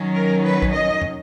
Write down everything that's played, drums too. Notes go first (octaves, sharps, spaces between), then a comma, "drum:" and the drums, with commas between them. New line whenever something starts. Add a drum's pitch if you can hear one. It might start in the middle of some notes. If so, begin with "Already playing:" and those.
Already playing: D#3 F#3 C#4
A#4
B4
drum: kick
D#5
drum: tom